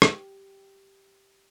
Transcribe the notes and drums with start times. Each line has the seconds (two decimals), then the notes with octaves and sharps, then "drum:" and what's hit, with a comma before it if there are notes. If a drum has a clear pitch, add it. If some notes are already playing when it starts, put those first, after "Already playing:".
0.02 G4, drum: rim click